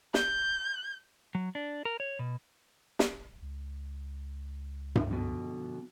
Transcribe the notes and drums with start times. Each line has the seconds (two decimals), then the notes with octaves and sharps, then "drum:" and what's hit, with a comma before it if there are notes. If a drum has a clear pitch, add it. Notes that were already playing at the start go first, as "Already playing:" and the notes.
0.14 G6, drum: snare
1.35 F#3
1.55 D4
1.85 A#4
2.00 C#5
2.19 B2
2.99 drum: snare
3.42 C#2
4.95 drum: tom G2
5.11 F2 B2 D3